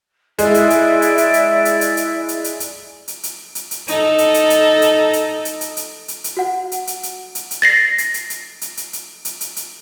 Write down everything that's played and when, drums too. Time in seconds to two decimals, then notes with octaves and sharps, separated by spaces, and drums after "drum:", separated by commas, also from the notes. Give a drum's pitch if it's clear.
0.39 G#3 E4 D5, drum: hi-hat
0.54 drum: hi-hat
0.70 drum: hi-hat
1.02 drum: hi-hat
1.18 drum: hi-hat
1.34 drum: hi-hat
1.65 drum: hi-hat
1.81 drum: hi-hat
1.97 drum: hi-hat
2.28 drum: hi-hat
2.44 drum: hi-hat
2.60 drum: hi-hat
3.08 drum: hi-hat
3.23 drum: hi-hat
3.55 drum: hi-hat
3.71 drum: hi-hat
3.88 D#4 A4, drum: hi-hat
4.18 drum: hi-hat
4.34 drum: hi-hat
4.50 drum: hi-hat
4.82 drum: hi-hat
5.13 drum: hi-hat
5.45 drum: hi-hat
5.61 drum: hi-hat
5.77 drum: hi-hat
6.08 drum: hi-hat
6.24 drum: hi-hat
6.37 F#4 F#5
6.72 drum: hi-hat
6.87 drum: hi-hat
7.03 drum: hi-hat
7.35 drum: hi-hat
7.51 drum: hi-hat
7.62 A6 A#6 C7
7.98 drum: hi-hat
8.14 drum: hi-hat
8.30 drum: hi-hat
8.61 drum: hi-hat
8.77 drum: hi-hat
8.93 drum: hi-hat
9.25 drum: hi-hat
9.41 drum: hi-hat
9.56 drum: hi-hat